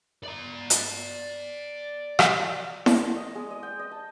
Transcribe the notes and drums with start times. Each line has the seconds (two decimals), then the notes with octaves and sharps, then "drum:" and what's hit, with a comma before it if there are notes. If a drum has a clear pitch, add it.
0.24 D5 A#5
0.70 drum: hi-hat
2.19 drum: rim click
2.86 drum: snare E4
3.17 D#5
3.35 G#3
3.51 D#5
3.63 G5
3.79 D#5
3.91 A5